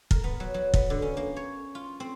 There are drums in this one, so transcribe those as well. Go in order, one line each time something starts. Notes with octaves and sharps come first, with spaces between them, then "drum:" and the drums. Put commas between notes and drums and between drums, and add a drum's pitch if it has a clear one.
A#4, drum: kick
B3
F#3
F#3
B3, drum: kick
D3
C#4
A#3
C#5
F4
C4